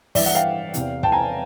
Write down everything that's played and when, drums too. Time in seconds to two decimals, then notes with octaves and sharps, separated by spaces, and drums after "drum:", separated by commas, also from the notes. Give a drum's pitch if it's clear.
0.15 G2 E3 D5 E5, drum: kick, open hi-hat
0.25 E5 F#5
0.35 F5 G5
0.74 E2 C3 E3, drum: hi-hat
1.03 G5 A5, drum: kick
1.12 G#5 A#5